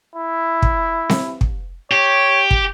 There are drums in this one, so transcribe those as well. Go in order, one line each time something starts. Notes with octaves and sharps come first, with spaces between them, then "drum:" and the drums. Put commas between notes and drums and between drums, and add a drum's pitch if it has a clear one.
E4
drum: kick
drum: snare C4
drum: kick
G4 C#5
drum: kick